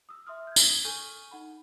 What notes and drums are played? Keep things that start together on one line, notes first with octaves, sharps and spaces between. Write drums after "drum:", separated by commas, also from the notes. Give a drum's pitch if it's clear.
D#6 E6
E5 C6 D#6 F6
G6 G#6
drum: tambourine
A4 G#5 C#6 F6 G6 D#7
D#4 F#5 B5